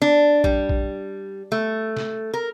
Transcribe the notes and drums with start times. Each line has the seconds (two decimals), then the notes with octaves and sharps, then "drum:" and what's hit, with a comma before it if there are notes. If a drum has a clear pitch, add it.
0.02 D4
0.44 G3, drum: kick A#1
0.69 drum: kick A#1
1.52 A3
1.97 drum: snare
2.34 A#4